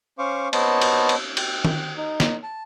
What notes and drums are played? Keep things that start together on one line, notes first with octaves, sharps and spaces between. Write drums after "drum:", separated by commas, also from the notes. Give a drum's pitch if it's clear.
C#4 C5 F5 C#6 D6
B3 C5 C#5 D#5 A5, drum: cymbal
drum: cymbal
drum: cymbal
G5 F#6, drum: cymbal
drum: tom D#3
D#4
drum: snare
A5